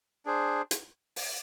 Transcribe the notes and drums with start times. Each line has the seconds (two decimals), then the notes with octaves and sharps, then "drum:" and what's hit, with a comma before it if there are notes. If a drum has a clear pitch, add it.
0.26 D4 G#4 C5
0.71 drum: hi-hat
1.16 drum: open hi-hat